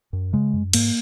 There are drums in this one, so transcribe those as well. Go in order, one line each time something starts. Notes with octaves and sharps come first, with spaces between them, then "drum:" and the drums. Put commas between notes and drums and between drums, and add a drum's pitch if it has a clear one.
F#2
C#3 G#3
F#2
G#2 A#3, drum: cymbal